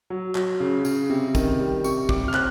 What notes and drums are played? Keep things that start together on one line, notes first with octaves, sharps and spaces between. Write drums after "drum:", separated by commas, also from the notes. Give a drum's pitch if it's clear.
F#3
F#3, drum: clap
C#3
C#3, drum: tambourine
C3
D#3, drum: kick, tambourine
G3
C3 C#6, drum: tambourine
G3 D6, drum: kick
F6
C4 F#6, drum: clap